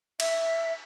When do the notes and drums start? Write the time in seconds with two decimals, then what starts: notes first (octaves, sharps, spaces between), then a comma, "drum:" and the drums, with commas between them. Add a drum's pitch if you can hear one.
0.20 E5, drum: cymbal